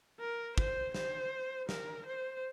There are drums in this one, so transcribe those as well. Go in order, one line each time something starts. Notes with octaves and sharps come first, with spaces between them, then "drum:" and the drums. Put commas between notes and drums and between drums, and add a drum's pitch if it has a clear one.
A#4
C5, drum: kick
C5, drum: snare
A#4, drum: snare
C5